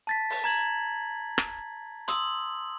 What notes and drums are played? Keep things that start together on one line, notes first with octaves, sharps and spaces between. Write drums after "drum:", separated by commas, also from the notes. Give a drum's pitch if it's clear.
A5 A6 B6
drum: open hi-hat
A#5 G#6 F#7
drum: rim click
C6 D#6 E6 F#7, drum: hi-hat